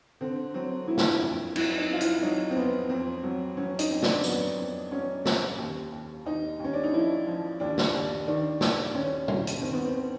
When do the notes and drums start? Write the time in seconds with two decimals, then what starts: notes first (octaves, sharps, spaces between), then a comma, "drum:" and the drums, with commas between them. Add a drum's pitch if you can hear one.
0.21 D3 C4
0.54 F#3 C4
0.88 F#3 E4
0.98 F4, drum: snare
1.06 E4
1.22 F2
1.56 F#3 E4, drum: cymbal
1.78 D#4
1.90 F2 F4
2.01 E4, drum: hi-hat
2.23 F#3 D#4
2.51 C4
2.56 F2 B3
2.89 F2 C4
3.23 F#3
3.57 F#3 C#4
3.79 D#4, drum: hi-hat
3.91 F2
4.02 D4, drum: snare
4.24 F#3 B3, drum: tambourine
4.57 F2
4.91 F#3 C#4
5.25 F2, drum: snare
5.58 D#2
5.92 D#2
6.25 D#2 D#4
6.60 D#2 C#4
6.73 D4
6.84 D#4
6.93 F3 E4
7.27 F3
7.60 D#2 D4
7.78 drum: snare
7.94 D#2
8.27 D#3 D4
8.61 D#2, drum: snare
8.94 D#2 C#4
9.28 D#2, drum: tom
9.47 drum: hi-hat
9.62 D#3 C4
9.73 B3
9.85 C4